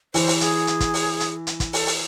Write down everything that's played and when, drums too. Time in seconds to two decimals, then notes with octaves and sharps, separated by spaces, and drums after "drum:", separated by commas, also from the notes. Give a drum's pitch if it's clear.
0.14 E3 C5, drum: open hi-hat
0.27 drum: open hi-hat
0.41 G#4, drum: hi-hat
0.67 drum: hi-hat
0.80 drum: kick, hi-hat
0.94 drum: open hi-hat
1.20 drum: hi-hat
1.47 drum: hi-hat
1.60 drum: kick, hi-hat
1.73 A4, drum: open hi-hat
1.86 drum: open hi-hat